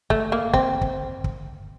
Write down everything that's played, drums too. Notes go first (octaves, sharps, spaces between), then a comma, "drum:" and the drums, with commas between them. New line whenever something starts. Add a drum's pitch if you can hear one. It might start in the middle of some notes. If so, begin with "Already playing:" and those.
A3, drum: kick
A#3
C4, drum: kick
drum: kick
drum: kick